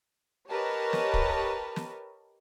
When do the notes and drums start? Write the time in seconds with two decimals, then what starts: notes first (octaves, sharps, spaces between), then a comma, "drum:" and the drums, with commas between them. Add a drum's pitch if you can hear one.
0.51 G4 A#4 B4 C#5 D#5 A5
0.93 drum: snare
1.14 drum: kick
1.76 drum: snare